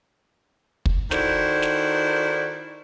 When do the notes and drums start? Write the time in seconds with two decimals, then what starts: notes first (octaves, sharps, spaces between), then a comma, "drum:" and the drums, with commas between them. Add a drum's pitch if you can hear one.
0.86 drum: kick
1.11 D#3 E4 F#4 A4 C5 D5, drum: snare
1.62 drum: snare